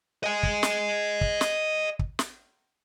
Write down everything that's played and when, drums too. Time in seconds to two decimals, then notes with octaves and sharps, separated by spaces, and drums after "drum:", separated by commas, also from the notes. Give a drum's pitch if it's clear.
0.24 D#5 G#5
0.43 drum: kick
0.63 drum: snare
1.21 drum: kick
1.41 drum: snare
1.99 drum: kick
2.19 drum: snare